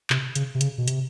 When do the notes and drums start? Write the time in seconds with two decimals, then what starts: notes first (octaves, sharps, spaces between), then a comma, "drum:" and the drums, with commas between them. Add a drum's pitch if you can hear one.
0.10 C3, drum: clap
0.35 C#3, drum: hi-hat
0.55 C3
0.61 C#3, drum: hi-hat
0.78 B2
0.88 C3, drum: hi-hat